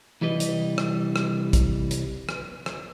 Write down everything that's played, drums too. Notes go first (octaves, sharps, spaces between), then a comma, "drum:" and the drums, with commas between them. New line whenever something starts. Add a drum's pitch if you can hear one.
C2 E3 G3 B4 D#5
drum: hi-hat
drum: rim click
drum: rim click
drum: kick, hi-hat
drum: hi-hat
drum: rim click
drum: rim click